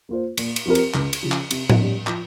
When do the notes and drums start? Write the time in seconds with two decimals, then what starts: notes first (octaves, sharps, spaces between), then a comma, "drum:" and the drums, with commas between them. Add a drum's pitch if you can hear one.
0.09 A#3 F4 C5
0.37 A#2, drum: cymbal
0.56 drum: cymbal
0.66 F3 C4 G4 A#4
0.75 drum: cymbal
0.94 C#2, drum: clap
1.13 drum: cymbal
1.23 C#3 F3
1.32 drum: clap
1.51 C3, drum: cymbal
1.69 drum: tom A2
1.80 G3 C#4
2.07 F3, drum: clap